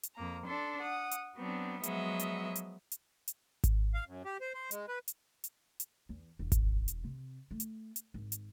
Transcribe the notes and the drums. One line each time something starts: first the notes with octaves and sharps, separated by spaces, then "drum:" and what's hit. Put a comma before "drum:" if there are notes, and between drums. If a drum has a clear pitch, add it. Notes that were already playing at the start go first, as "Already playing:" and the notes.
drum: hi-hat
F2 A#3 A#5
D4 A4 C6
F#5 D#6
drum: hi-hat
F#3 B3 C4 D4
F3 F#3 G#3 B3 D#5 E5, drum: hi-hat
drum: hi-hat
drum: hi-hat
drum: hi-hat
drum: hi-hat
drum: kick G#1, hi-hat
F5
F#2
G4
C5
C5
G#3, drum: hi-hat
B4
drum: hi-hat
drum: hi-hat
drum: hi-hat
E2
E1
drum: kick G#1, hi-hat
drum: hi-hat
C3
A3
drum: hi-hat
drum: hi-hat
G#1
drum: hi-hat